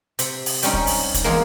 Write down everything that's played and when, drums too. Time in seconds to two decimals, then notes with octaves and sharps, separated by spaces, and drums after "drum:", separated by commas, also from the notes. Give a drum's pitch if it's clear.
0.19 C3, drum: hi-hat
0.46 drum: open hi-hat
0.63 G3 C4 C#4 D#4, drum: hi-hat
0.73 drum: kick
0.87 drum: open hi-hat
1.14 drum: kick, hi-hat
1.24 E2 G#3 A#3